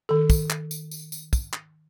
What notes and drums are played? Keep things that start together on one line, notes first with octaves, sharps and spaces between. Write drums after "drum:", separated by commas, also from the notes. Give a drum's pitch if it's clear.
D#3 A4
drum: kick, tambourine
drum: clap
drum: tambourine
drum: tambourine
drum: tambourine
drum: kick, tambourine
drum: clap